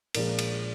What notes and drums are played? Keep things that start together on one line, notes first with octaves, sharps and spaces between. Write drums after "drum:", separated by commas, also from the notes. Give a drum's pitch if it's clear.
A#1 A#2 F3 G#3 A#4, drum: cymbal
drum: cymbal